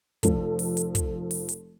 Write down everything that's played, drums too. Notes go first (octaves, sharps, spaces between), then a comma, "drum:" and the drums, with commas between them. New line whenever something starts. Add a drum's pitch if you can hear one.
F1 F3 A4, drum: kick, hi-hat
drum: open hi-hat
drum: hi-hat
drum: kick, hi-hat
drum: open hi-hat
drum: hi-hat